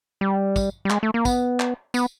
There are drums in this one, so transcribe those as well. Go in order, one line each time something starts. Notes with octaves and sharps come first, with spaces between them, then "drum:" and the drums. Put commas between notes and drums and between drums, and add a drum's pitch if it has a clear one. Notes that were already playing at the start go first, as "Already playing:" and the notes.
G3
drum: kick, tambourine
G3
G#3, drum: clap
A3
A#3
B3, drum: kick, tambourine
drum: clap
B3, drum: tambourine